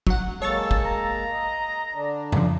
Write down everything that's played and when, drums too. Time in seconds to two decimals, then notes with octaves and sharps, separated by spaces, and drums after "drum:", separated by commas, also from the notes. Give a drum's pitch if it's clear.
0.07 F#3 F#5, drum: kick
0.42 G#3 A#3 A4 C#5 A5 C#6 A6
0.71 drum: kick
0.85 A#5
1.32 D#5
1.94 D3 D4
2.32 E2 C#3 F3, drum: tom F2